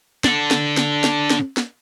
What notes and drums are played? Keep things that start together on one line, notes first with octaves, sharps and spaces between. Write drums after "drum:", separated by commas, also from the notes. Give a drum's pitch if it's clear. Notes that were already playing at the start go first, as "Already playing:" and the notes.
D4 A4, drum: snare
drum: snare
drum: snare
drum: snare
drum: snare
drum: snare